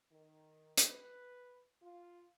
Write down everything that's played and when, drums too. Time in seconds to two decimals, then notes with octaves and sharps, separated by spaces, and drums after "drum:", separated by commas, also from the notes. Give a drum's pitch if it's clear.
0.11 D#3
0.77 drum: hi-hat
0.90 B4
1.82 F4